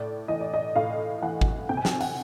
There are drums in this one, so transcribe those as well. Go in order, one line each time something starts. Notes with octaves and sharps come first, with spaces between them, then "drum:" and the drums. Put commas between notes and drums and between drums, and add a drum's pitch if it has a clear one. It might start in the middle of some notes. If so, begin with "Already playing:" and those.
Already playing: A2 D5
E3 D#5
D5
D#5
A2 F5
E3 F#5
drum: kick G#1
C3 G5
G#5
G5, drum: snare
F#5, drum: open hi-hat